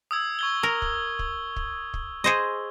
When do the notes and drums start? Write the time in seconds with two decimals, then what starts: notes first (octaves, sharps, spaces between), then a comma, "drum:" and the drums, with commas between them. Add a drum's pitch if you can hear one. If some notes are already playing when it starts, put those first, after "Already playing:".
0.11 D#6 E6 G#6
0.39 C#6 G#6 G7
0.63 A#4
0.82 drum: kick
1.19 drum: kick
1.56 drum: kick
1.94 drum: kick
2.24 G#4 C5 D#5